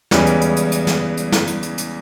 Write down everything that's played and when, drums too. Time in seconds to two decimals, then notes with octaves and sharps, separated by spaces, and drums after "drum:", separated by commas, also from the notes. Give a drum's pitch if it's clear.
0.11 E2 C#3 E3 G3 G#3 C#4, drum: snare
0.26 drum: hi-hat
0.42 drum: hi-hat
0.57 drum: hi-hat
0.72 drum: hi-hat
0.87 drum: snare
1.17 drum: hi-hat
1.32 drum: snare
1.48 drum: hi-hat
1.63 drum: hi-hat
1.78 drum: hi-hat